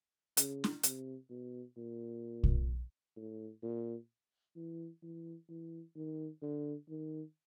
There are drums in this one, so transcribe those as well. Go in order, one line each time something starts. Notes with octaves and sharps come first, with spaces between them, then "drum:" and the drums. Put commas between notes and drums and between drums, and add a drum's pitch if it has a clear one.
C#3, drum: hi-hat
drum: snare
C3, drum: hi-hat
B2
A#2
drum: kick
A2
A#2
E3
E3
E3
D#3
D3
D#3